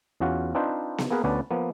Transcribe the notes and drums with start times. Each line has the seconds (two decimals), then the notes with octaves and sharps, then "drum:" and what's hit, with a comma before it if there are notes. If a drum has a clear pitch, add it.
0.20 E2 C#4 F4 F#4 F#5
0.55 C4 D4 D#4 F4 B4 C5
0.98 drum: snare B3
1.11 A#3 B3 G#4 A#4 B4
1.24 D2 B3 C#4 B4 D5 A5
1.51 F3 A#3 B3